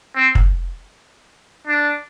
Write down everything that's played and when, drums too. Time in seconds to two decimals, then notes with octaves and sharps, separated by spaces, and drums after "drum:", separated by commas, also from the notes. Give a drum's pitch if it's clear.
0.16 C4
0.35 drum: kick
1.68 D4